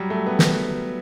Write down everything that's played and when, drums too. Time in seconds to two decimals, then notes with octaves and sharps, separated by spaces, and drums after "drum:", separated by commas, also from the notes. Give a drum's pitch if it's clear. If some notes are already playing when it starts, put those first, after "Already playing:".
Already playing: F#3 G3
0.10 A3
0.26 B3
0.39 B3, drum: snare